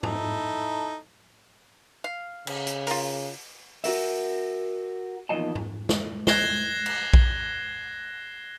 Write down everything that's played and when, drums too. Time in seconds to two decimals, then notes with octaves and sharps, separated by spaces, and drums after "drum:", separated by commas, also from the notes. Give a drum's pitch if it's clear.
0.03 D#4 E4 A4, drum: tom G#2
2.04 F5
2.47 C#3, drum: cymbal
2.67 drum: hi-hat
2.87 F4 A#4, drum: open hi-hat
3.84 F#4 A#4 E5, drum: open hi-hat
5.29 E2 A#2 D#3 F3 D#5 A5
5.55 drum: tom G#2
5.89 drum: snare
6.27 F#6 G#6 A#6 C7 E7 G7, drum: snare
6.86 drum: cymbal
7.13 drum: kick A#1